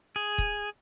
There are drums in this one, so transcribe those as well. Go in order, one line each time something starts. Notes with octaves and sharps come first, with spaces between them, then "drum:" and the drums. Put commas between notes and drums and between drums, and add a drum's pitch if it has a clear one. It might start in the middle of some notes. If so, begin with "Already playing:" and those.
G#4
drum: kick